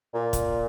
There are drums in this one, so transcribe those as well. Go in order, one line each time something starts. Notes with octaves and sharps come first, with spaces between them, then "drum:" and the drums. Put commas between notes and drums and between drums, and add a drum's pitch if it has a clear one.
A#2
drum: kick, hi-hat